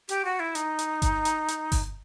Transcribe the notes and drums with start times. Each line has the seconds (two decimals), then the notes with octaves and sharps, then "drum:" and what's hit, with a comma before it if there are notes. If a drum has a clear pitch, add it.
0.09 G4, drum: hi-hat
0.25 F#4
0.40 E4
0.55 D#4, drum: hi-hat
0.79 drum: hi-hat
1.02 drum: kick G1, hi-hat
1.25 drum: hi-hat
1.48 drum: hi-hat
1.72 drum: kick G1, open hi-hat